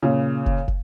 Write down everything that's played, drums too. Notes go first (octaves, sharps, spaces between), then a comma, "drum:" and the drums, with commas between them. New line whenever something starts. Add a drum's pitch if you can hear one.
A#2 C#3
drum: kick
drum: kick